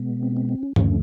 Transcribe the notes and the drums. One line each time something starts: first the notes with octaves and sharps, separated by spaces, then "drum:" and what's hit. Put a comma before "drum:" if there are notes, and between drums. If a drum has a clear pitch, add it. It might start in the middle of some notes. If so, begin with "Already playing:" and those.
Already playing: B2 G#3 B3
C4
C4
C4
C#4
D#2 D3 F3 A3 C#4, drum: tom G2